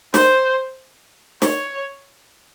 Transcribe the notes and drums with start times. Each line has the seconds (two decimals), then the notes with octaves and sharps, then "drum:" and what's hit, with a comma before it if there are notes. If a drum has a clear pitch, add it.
0.14 C5, drum: snare
1.42 C#5, drum: snare